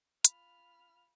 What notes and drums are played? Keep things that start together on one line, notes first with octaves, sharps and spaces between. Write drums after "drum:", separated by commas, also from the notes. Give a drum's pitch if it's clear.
F4 B5 F6, drum: hi-hat